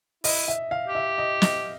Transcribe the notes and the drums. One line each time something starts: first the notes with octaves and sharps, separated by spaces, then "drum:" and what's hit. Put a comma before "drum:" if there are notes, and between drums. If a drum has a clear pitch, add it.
E4 D#5, drum: open hi-hat
E5
F5
G4
E5
D#5
D#5, drum: snare